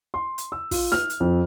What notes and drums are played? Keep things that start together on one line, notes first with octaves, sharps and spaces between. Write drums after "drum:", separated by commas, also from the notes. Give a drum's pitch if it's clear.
C6
drum: hi-hat
E6
F4, drum: kick, open hi-hat
F6, drum: snare
drum: hi-hat
F2